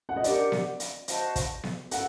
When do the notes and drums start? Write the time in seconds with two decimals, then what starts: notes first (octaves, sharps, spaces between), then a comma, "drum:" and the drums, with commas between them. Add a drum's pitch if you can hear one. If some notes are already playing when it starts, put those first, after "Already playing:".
0.09 F#5
0.16 D#5
0.24 D4 G4 A#4 D5 F#5, drum: hi-hat
0.52 drum: snare B3
0.80 drum: hi-hat
1.08 F#4 C5 D#5 A5, drum: hi-hat
1.36 drum: kick, hi-hat
1.63 drum: snare B3
1.91 A4 F#5, drum: hi-hat